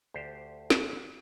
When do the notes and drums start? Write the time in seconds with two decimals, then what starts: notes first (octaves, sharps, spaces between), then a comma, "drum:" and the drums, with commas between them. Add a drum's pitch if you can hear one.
0.14 D2 G4 C5
0.70 drum: snare